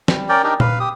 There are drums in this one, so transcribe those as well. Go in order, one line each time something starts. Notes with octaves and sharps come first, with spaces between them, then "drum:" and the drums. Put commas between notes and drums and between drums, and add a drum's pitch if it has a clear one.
G3, drum: snare
C#4 A#4 D5 G5
D4 D#4 G4 A#4
B4 F5, drum: tom A#2
G4 D#6